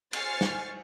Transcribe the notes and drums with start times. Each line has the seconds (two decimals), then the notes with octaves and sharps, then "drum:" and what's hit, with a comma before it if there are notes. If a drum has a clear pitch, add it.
0.13 C5 G#5 C#6 F6 A6 C7, drum: cymbal
0.41 drum: snare